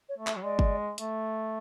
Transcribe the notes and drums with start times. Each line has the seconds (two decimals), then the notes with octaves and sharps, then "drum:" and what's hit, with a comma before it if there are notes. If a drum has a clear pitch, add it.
0.09 C#5
0.18 A3
0.27 E5, drum: clap
0.36 F#3
0.44 G#3 D5
0.59 drum: kick G1
0.98 A3, drum: hi-hat